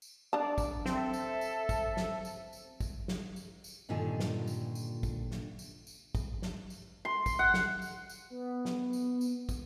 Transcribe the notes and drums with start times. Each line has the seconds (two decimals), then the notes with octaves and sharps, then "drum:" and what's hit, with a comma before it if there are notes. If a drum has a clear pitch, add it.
0.02 drum: tambourine
0.33 D4 D5 A5
0.58 drum: kick, tambourine
0.86 C4 A4 E5, drum: snare
1.13 drum: tambourine
1.41 drum: tambourine
1.69 drum: kick, tambourine
1.97 drum: snare
2.25 drum: tambourine
2.53 drum: tambourine
2.80 drum: kick, tambourine
3.08 drum: snare
3.36 drum: tambourine
3.64 drum: tambourine
3.89 G2 A#2 D3 D#3 F4 G#5
4.20 drum: snare
4.48 drum: tambourine
4.75 drum: tambourine
5.03 drum: kick, tambourine
5.31 drum: snare
5.59 drum: tambourine
5.87 drum: tambourine
6.15 drum: kick, tambourine
6.42 drum: snare
6.70 drum: tambourine
7.05 C6
7.26 drum: kick, tambourine
7.39 F#5
7.54 drum: snare
7.82 drum: tambourine
8.09 drum: tambourine
8.30 B3
8.65 drum: snare
8.93 drum: tambourine
9.21 drum: tambourine
9.49 drum: kick, tambourine